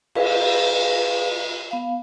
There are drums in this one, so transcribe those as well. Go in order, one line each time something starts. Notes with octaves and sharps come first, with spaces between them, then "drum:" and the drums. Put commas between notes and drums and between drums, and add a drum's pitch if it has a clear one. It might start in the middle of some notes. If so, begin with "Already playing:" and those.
G#4 B4 F5, drum: cymbal
B3 F5